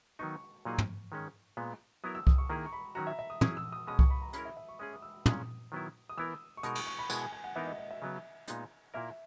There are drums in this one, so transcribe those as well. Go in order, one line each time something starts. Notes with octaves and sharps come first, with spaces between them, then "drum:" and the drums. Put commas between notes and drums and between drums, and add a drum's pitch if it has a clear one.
D#3 F#3 B3 D#4 C#6
A#2 F#3 A#3 D#4 G#4
drum: tom
D#3 G#3 C#4
A#2 G#3 B3
F#3 B3 E4 A#4 D#6
E6
D#6, drum: kick C2
C#6
D#3 A#3 E4 G#4 A#5
C#6
B5
D#3 F#3 C#4 F#4 A#5
E5
E5
D#6
F#3 C#4 E4 G#4 D#6, drum: tom
E6
D#6
B2 G#3 C#4 D#6
C#6, drum: kick C2
B5
A#5
G#3 C#4 E4 A#4 B5, drum: hi-hat
E5
E5
C#6
G#3 C#4 G#4 D#6
D#6
E6
A#2 G#3 C#4 D#6, drum: tom
D#3 F#3 B3 E4
D#6
E3 B3 E4 A#4 E6
C#6
B2 G#3 D#4 A#4 D#6, drum: hi-hat
C#6, drum: cymbal
C#6
B5
B2 G#3 B3 E4 A#4 G#5, drum: tambourine
G#5
G#5
F#5
E3 B3 D#4 A#4 E5
D#5
D#5
E5
C#3 F#3 B3
A#2 G#3 B3 D#4, drum: hi-hat
A#2 A#3 E4 A#4 E5